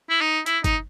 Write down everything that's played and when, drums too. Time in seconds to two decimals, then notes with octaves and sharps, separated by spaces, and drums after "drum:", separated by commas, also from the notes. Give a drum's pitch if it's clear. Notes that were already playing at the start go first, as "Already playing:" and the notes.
0.10 E4
0.21 D#4
0.46 E4, drum: hi-hat
0.64 D#4, drum: kick G1, hi-hat